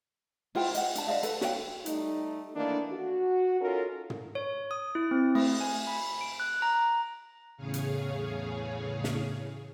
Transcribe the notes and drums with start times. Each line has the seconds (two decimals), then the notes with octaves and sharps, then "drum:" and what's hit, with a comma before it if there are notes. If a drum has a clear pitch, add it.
0.55 E4 F4 F#5 G5, drum: cymbal
0.75 D#5 F#5, drum: hi-hat
0.95 D4 A5, drum: hi-hat
1.07 D5 D#5 F5 F#5
1.23 A4 B4, drum: hi-hat
1.41 F#4 C#5 F5 G5, drum: snare
1.86 G3 A3 D#4, drum: hi-hat
2.55 D#3 E3 A3 A#3 D4
2.93 F#4
3.61 C#4 D#4 F4 A4 A#4
4.10 drum: tom
4.35 C#5
4.71 D#6
4.95 E4
5.11 C4
5.35 A3, drum: cymbal
5.61 G#5
5.87 B5
6.21 D7
6.40 F#6
6.62 A#5
7.57 E2 A2 C#3 G#4 C#5 F5
7.74 drum: hi-hat
9.04 drum: snare